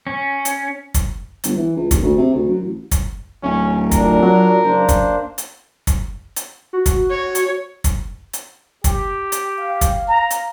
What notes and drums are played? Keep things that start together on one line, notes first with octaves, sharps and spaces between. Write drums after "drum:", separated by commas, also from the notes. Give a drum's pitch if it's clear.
C#4
drum: hi-hat
drum: kick, hi-hat
G1, drum: hi-hat
E3
C#2
D#2, drum: kick, hi-hat
D2
C3
D2
F#2
A1
drum: kick, hi-hat
D1 C#4
A#2 D4 A#4, drum: kick, hi-hat
F#3
F#1 A#3 D4 C5
drum: kick, hi-hat
drum: hi-hat
drum: kick, hi-hat
drum: hi-hat
F#4
drum: kick, hi-hat
C#5
drum: hi-hat
drum: kick, hi-hat
drum: hi-hat
G4, drum: kick, hi-hat
drum: hi-hat
F5
drum: kick, hi-hat
A#5
drum: hi-hat